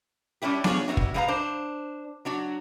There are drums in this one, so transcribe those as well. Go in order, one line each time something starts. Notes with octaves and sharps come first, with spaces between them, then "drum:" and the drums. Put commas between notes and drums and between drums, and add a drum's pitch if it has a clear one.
G3 C#4 D4 E4 G4
D4 F4 G#4 C#5, drum: snare B3
E3 G3 C4 D#4 F#4
drum: kick
F3 G#3 B4 D#5 F5 A#5
D4 C5
F#3 D4 F#4